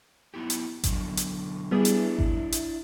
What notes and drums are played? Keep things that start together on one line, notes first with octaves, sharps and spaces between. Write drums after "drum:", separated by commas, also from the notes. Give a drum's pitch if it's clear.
B3 E4 G4
drum: hi-hat
B2 D3 F#3, drum: kick G#1, hi-hat
drum: hi-hat
G3 B3 D4 E4 G#4
drum: hi-hat
drum: kick G#1
drum: hi-hat